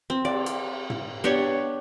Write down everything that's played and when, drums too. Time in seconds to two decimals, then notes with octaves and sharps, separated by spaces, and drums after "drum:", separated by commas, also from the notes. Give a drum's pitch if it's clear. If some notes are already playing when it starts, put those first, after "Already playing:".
0.10 C4
0.25 D5, drum: cymbal
0.46 drum: hi-hat
0.90 drum: tom
1.24 B3 D4 G4 C#5